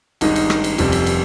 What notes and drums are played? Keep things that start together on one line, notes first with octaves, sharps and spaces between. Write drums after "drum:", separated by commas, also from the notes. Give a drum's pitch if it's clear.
G#1 G2 D#3 G#3 D#4, drum: cymbal
drum: cymbal
drum: rim click
drum: cymbal
F1 F2 C3 G3, drum: cymbal
drum: cymbal
drum: cymbal